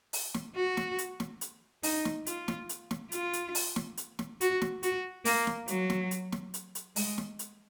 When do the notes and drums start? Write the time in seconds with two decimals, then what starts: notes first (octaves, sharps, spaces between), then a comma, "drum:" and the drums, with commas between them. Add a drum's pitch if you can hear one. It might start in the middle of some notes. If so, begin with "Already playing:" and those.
0.13 drum: open hi-hat
0.34 drum: snare
0.56 F#4
0.77 drum: snare
0.98 drum: hi-hat
1.20 drum: snare
1.41 drum: hi-hat
1.83 D#4, drum: open hi-hat
2.05 drum: snare
2.26 F4, drum: hi-hat
2.48 drum: snare
2.69 drum: hi-hat
2.91 drum: snare
3.12 F4, drum: hi-hat
3.33 drum: hi-hat
3.55 drum: open hi-hat
3.76 drum: snare
3.97 drum: hi-hat
4.19 drum: snare
4.41 F#4, drum: hi-hat
4.61 drum: snare
4.83 F#4, drum: hi-hat
5.25 A#3, drum: open hi-hat
5.47 drum: snare
5.68 F#3, drum: hi-hat
5.90 drum: snare
6.11 drum: hi-hat
6.32 drum: snare
6.54 drum: hi-hat
6.75 drum: hi-hat
6.96 G#3, drum: open hi-hat
7.18 drum: snare
7.39 drum: hi-hat